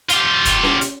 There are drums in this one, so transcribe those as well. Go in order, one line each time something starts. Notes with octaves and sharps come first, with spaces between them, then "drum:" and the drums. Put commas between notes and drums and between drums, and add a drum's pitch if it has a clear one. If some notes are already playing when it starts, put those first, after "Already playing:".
F4 G4, drum: hi-hat
drum: kick, hi-hat
drum: snare C#4
drum: hi-hat